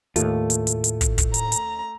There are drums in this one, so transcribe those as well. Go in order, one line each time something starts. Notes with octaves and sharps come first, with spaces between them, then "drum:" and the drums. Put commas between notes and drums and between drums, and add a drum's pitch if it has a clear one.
D#2 A2 A3 F4, drum: hi-hat
drum: hi-hat
drum: hi-hat
drum: hi-hat
drum: kick, hi-hat
drum: kick, hi-hat
A#5, drum: hi-hat
drum: hi-hat